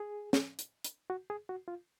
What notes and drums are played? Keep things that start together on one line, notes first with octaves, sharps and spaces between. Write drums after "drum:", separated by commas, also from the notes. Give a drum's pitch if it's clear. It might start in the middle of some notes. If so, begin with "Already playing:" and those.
Already playing: G#4
drum: snare
drum: hi-hat
drum: hi-hat
F#4
G#4
F#4
F4